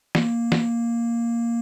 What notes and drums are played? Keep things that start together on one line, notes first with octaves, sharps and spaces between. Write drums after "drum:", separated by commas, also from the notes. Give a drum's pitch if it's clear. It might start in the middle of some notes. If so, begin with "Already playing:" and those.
A#3, drum: snare
drum: snare